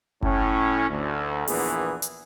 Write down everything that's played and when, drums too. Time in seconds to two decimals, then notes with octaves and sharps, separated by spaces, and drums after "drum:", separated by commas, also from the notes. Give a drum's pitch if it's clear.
0.23 A2 C#4, drum: kick F#1
0.90 D2
1.48 A#1 E2 E3 B3 G#4, drum: open hi-hat
2.02 drum: hi-hat